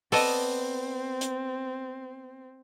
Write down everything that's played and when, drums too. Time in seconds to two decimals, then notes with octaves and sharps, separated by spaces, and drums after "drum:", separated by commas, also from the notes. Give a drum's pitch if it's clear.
0.12 B3 C4 A4 D5 D#5, drum: open hi-hat
1.21 drum: hi-hat